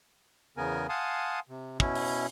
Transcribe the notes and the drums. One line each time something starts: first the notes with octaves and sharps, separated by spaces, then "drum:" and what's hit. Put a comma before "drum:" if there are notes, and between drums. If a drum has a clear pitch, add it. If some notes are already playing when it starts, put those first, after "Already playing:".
E2 C#3 B3 A#4 G#5
F5 F#5 G#5 A5 C6 D#6
C3
B2 C#4 E4, drum: kick
drum: open hi-hat